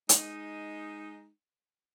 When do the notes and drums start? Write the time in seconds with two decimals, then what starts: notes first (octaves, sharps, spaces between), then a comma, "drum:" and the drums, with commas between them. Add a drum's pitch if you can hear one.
0.09 G#3 D#4, drum: hi-hat